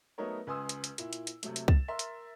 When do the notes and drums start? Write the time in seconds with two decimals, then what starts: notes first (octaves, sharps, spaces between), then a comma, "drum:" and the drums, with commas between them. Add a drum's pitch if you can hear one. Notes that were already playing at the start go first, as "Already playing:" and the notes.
0.18 F#3 A3 B3 D#4 A#4 C#5
0.47 C#2 B4 G#5 C6 D#6 E6
0.69 drum: hi-hat
0.84 drum: hi-hat
0.98 A#2 E4, drum: hi-hat
1.13 drum: hi-hat
1.27 drum: hi-hat
1.43 C3 F#3 A3, drum: hi-hat
1.56 drum: hi-hat
1.68 A6 E7, drum: kick C2
1.88 A#4 E5 C6
1.99 drum: hi-hat